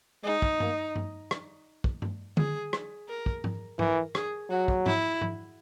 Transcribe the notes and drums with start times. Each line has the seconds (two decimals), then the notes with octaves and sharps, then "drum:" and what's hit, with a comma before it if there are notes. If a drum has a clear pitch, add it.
0.24 G#3 D#4
0.42 drum: kick
0.60 A#3, drum: tom G2
0.96 drum: tom G2
1.31 drum: rim click
1.84 drum: kick
2.02 drum: tom G2
2.37 G#4, drum: tom D3
2.73 drum: rim click
3.09 A#4
3.26 drum: kick
3.44 drum: tom G#2
3.79 E3 A#4, drum: tom G#2
4.15 G#4, drum: rim click
4.50 F#3 F#4
4.68 drum: kick
4.86 E4, drum: tom G#2
5.21 drum: tom G#2